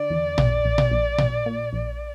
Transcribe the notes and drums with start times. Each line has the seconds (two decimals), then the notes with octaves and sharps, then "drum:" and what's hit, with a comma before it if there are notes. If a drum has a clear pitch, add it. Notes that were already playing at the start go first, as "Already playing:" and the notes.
Already playing: D3 D5
0.10 E2
0.38 A#1, drum: tom A#2
0.65 A#1
0.78 drum: tom A#2
0.91 A#1
1.18 A#1, drum: tom A#2
1.46 A#2
1.73 A#1